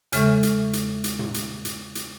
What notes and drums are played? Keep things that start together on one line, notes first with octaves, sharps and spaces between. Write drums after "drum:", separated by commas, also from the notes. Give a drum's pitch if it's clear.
E2 C#3 G#3 A4 E5 C#6, drum: hi-hat
drum: hi-hat
drum: hi-hat
drum: hi-hat
drum: tom
drum: hi-hat
drum: hi-hat
drum: hi-hat